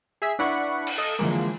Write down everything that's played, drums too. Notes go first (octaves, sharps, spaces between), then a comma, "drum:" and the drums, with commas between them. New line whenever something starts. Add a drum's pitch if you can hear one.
G#4 E5 B6
D4 E4 B4 F#5 B5 C#6
drum: cymbal
A4 D#5
D3 E3 F3 G#3 A#3